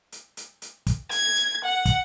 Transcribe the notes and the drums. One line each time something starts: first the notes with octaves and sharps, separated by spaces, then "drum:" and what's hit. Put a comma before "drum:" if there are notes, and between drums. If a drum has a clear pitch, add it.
drum: hi-hat
drum: hi-hat
drum: hi-hat
drum: kick, hi-hat
G#6, drum: hi-hat
drum: hi-hat
F#5
drum: kick, hi-hat